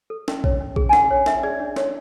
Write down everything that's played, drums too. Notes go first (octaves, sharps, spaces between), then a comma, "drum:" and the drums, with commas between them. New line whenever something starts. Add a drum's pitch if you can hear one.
A4
C#4, drum: snare
C#5, drum: kick A#1
C#4
G#4, drum: kick A#1
G#5
C#4 F#5, drum: snare
C#5
C#4 E5, drum: snare
G#4 D5
D4
C#5, drum: snare